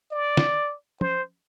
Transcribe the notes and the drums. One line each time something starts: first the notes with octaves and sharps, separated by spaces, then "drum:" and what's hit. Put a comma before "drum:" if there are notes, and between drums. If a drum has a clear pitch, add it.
D5
drum: snare
C5, drum: tom